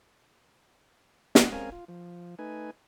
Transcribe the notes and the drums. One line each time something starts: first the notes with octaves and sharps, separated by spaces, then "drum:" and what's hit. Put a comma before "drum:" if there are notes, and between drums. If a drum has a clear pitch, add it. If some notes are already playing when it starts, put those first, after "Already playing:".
E4 D#5 F#5, drum: snare
G#3 C4 C#4 A#4 F5 G#5
F4
F3
A3 D#4 B4 G#5